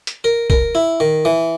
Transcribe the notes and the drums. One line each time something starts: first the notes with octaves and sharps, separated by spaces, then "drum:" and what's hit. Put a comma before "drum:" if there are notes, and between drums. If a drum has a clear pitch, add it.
drum: hi-hat
A#4
A#4, drum: kick
E4
D#3
E3